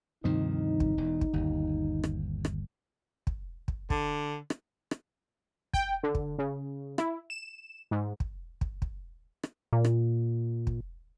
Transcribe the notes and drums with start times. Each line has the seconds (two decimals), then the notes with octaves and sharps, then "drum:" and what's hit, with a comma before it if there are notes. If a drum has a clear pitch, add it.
0.24 D2 G2 C3 D#3 F3 D#4
0.80 drum: kick
0.97 E1 E2
1.21 drum: kick
1.33 G1 D#2
2.04 drum: rim click
2.45 drum: rim click
3.27 drum: kick
3.68 drum: kick
3.90 D3, drum: kick
4.50 drum: rim click
4.91 drum: rim click
5.73 G5, drum: kick
6.03 D3
6.15 drum: kick
6.38 C#3
6.98 E4, drum: rim click
7.30 E7
7.91 G#2
8.20 drum: kick
8.61 drum: kick
8.82 drum: kick
9.43 drum: rim click
9.73 A#2
9.85 drum: rim click
10.67 drum: kick